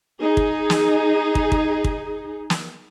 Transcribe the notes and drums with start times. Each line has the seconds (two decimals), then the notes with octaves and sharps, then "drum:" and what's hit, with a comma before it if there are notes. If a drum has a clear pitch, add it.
0.21 D#4 G#4
0.37 drum: kick
0.70 drum: snare
1.35 drum: kick
1.52 drum: kick
1.84 drum: kick
2.50 drum: snare